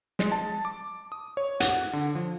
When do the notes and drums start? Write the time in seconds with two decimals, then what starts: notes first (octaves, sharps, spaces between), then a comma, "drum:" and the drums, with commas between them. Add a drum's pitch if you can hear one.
0.19 G#3, drum: snare
0.32 A5
0.65 D6
1.12 D#6
1.37 C#5
1.60 F#5, drum: hi-hat
1.93 D3
2.15 F3